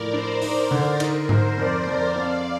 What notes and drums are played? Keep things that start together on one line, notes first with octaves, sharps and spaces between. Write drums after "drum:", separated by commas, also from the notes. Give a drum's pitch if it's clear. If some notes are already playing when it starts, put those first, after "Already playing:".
Already playing: A2 F3 A#4 D5
D4 C5
D#4 C5, drum: open hi-hat
D3
D#4 A#4, drum: cymbal
D#4 C5, drum: tom G#2
F2 A#4 D5
F2
C4 D5 F5